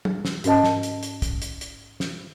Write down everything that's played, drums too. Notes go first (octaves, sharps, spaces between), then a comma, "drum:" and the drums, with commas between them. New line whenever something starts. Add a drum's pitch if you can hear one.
drum: tom
drum: snare
G#2 C#4 A#4 D#5 A5, drum: hi-hat
drum: snare
drum: hi-hat
drum: hi-hat
drum: kick, hi-hat
drum: hi-hat
drum: hi-hat
drum: snare